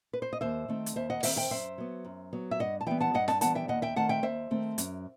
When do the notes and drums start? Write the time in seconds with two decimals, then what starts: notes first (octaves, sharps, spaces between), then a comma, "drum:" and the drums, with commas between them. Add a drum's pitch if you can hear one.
0.13 B4
0.22 C5
0.33 D#5
0.41 D#2 C5 E5
0.68 D#3 A3 C4
0.86 drum: hi-hat
0.96 D#2 C5 E5
1.10 D#5 F#5
1.23 D#3 A3 C4 C5 E5, drum: open hi-hat
1.36 E5 G5
1.51 F#2 C5 E5
1.78 F#3 B3
2.05 F#2
2.33 F#3 B3
2.51 E5
2.59 G2 D#5 F#5
2.81 A5
2.86 E3 G3 B3 E5 G5
3.01 F#5 A5
3.14 G2 D#5 F#5
3.28 F#5 A5, drum: snare
3.41 E3 G3 B3 F#5 A5, drum: hi-hat
3.55 E5 G5
3.68 D#2 D#5 F#5
3.82 E5 G5
3.96 D#3 A3 C4 F#5 A5
4.09 E5 G5
4.23 D#2 C5 E5
4.50 D#3 A3 C4
4.78 F#2, drum: hi-hat